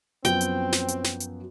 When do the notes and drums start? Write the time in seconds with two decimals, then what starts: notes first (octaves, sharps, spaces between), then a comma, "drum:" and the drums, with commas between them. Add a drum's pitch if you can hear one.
0.25 F#2 F3 B3 C4 G5, drum: hi-hat
0.41 drum: hi-hat
0.72 drum: snare
0.88 drum: hi-hat
1.04 drum: snare
1.20 drum: hi-hat